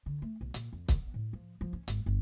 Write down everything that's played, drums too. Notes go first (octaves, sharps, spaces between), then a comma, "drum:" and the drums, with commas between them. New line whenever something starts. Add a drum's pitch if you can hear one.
D3
A3
B1
A#2, drum: hi-hat
F2
B3, drum: kick, hi-hat
A2
F3
F3
C#4
G#1, drum: hi-hat
G1